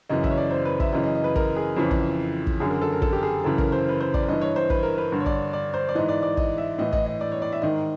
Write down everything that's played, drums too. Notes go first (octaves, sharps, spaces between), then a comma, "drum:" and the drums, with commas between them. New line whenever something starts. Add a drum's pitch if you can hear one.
F#2 C#3 E3 D#5
E5, drum: kick
C#5
D5
C5
B4
E5, drum: kick
F#2 C#3 E3 D#5
D#5
D#5
B4
A#4, drum: kick
G#4
F2 C#3 E3
drum: kick
drum: kick
F#2 D3 G#4
A#4
A4
A#4
A4, drum: kick
G4
G#4
F#2 C#3 E3 A4
A#4, drum: kick
C5
B4
C5
D5, drum: kick
G2 E3 D#5
C#5
C5
B4, drum: kick
A#4
B4
G2 D3
C#5
D5, drum: kick
D5
C5
D5
G#2 E3 D#5
D5
D5
D#5, drum: kick
E5
A2 E3 D#5
D#5, drum: kick
D#5
D5
C#5
D5
E5
G#2 D#3 D#5